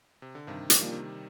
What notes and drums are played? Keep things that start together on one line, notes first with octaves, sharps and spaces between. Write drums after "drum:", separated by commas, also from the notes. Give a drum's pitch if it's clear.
C3
D3
G2 C3 D#3
D#3 G3, drum: hi-hat
F3 A#3 D4
C3 D#3